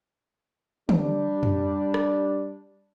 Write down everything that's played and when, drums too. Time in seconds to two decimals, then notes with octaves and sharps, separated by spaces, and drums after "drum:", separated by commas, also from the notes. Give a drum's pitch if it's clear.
0.89 G3 D4, drum: tom
1.43 drum: tom
1.94 drum: rim click